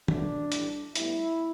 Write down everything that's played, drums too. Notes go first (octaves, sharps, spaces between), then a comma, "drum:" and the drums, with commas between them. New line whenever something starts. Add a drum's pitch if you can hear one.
C#2 B2 F#3 A3 D4, drum: tom
A1 A2 E3 G3, drum: hi-hat
A2 G3 B3 E4, drum: hi-hat